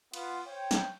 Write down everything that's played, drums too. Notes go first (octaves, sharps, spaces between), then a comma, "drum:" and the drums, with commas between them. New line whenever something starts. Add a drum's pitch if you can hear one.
B3 F4, drum: cymbal
C5 C#5 G5
drum: snare